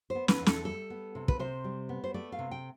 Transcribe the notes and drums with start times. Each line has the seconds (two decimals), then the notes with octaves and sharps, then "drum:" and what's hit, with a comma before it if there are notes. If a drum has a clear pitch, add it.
0.10 C5
0.15 B3
0.28 B4, drum: snare
0.41 E2
0.46 A4, drum: snare
0.65 G3 A4
0.90 B3
1.15 C3
1.28 B4, drum: kick
1.39 C3 C5
1.64 G3
1.89 B3
2.04 C5
2.14 A3 D5
2.32 F5
2.39 C3
2.51 G5